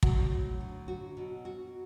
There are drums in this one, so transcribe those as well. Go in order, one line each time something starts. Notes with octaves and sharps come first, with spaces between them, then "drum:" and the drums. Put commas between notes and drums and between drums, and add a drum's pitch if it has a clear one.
A2 F#3, drum: kick
A2
D3
F#4
B2
F#4